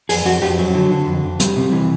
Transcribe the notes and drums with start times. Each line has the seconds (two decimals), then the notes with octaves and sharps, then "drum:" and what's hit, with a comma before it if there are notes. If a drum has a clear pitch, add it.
0.09 F2 G#4, drum: open hi-hat
0.25 F2 F#4
0.42 F2 G4
0.59 F#3
0.74 D3
0.91 D3
1.07 F2
1.24 F2
1.40 G3, drum: hi-hat
1.56 C3
1.72 E3